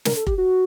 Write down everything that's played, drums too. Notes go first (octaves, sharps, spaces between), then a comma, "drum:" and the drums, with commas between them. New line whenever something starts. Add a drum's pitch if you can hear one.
A#4, drum: snare
A4
G4, drum: kick F1
F#4